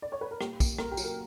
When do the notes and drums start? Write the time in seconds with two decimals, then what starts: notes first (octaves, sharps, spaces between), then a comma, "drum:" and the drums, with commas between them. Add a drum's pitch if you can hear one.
0.02 D5
0.12 C#5
0.21 B4
0.31 A#4
0.41 A#2 G4, drum: rim click
0.60 A#2, drum: kick, tambourine
0.78 A#2 A#4, drum: rim click
0.91 G4
0.97 F#3, drum: tambourine
1.04 A#4